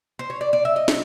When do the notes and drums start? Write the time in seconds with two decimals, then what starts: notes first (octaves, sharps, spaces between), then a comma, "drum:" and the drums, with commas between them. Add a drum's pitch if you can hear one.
0.19 C5
0.30 C#5
0.41 D5
0.53 D5
0.65 E5
0.76 D#5
0.88 drum: snare